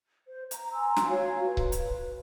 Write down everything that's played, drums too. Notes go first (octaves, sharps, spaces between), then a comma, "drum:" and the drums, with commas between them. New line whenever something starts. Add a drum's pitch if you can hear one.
C5
A#5, drum: hi-hat
G#5 A#5 C6 E6
drum: snare
F4 F#4 C#5 F5
B4
drum: kick C#1
drum: hi-hat